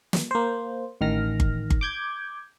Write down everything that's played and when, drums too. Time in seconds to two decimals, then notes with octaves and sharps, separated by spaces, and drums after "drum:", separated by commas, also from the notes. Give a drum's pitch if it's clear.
0.13 drum: snare
0.31 A#3 C5
1.01 A1 D#3 F6 A#6
1.40 drum: kick G1
1.70 drum: kick G1
1.81 D6 G6 G#6